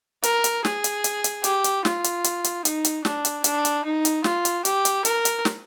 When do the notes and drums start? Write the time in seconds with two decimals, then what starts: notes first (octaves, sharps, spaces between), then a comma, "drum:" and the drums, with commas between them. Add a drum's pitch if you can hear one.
0.23 A#4, drum: hi-hat
0.44 drum: hi-hat
0.65 G#4, drum: snare
0.84 drum: hi-hat
1.04 drum: hi-hat
1.24 drum: hi-hat
1.44 G4, drum: hi-hat
1.64 drum: hi-hat
1.85 F4, drum: snare
2.04 drum: hi-hat
2.24 drum: hi-hat
2.44 drum: hi-hat
2.65 D#4, drum: hi-hat
2.85 drum: hi-hat
3.05 D4, drum: snare
3.25 drum: hi-hat
3.44 D4, drum: hi-hat
3.65 drum: hi-hat
3.85 D#4
4.05 drum: hi-hat
4.24 F4, drum: snare
4.45 drum: hi-hat
4.65 G4, drum: hi-hat
4.85 drum: hi-hat
5.05 A#4, drum: hi-hat
5.25 drum: hi-hat
5.45 drum: snare